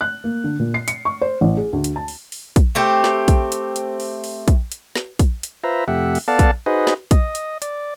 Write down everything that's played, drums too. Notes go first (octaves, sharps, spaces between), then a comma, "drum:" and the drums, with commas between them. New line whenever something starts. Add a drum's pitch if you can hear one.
F#6
A#3
D3
A#2
C7
C#7, drum: hi-hat
C#6
C5
A1
G#4
D2
drum: hi-hat
A5
drum: open hi-hat
drum: open hi-hat
drum: kick, hi-hat
A3 C4 G4
drum: snare
drum: kick, hi-hat
drum: hi-hat
drum: hi-hat
drum: open hi-hat
drum: open hi-hat
drum: kick, hi-hat
drum: hi-hat
drum: snare
drum: kick, hi-hat
drum: hi-hat
F4 B4 C5 E5 A#5
F2 C3 A3 G4 E5 F#5
drum: open hi-hat
B3 A4 D5 F5 F#5 A5
drum: kick, hi-hat
D#4 F#4 G#4 B4 C5 D#5
drum: snare
D#5, drum: kick, hi-hat
drum: hi-hat
D5, drum: hi-hat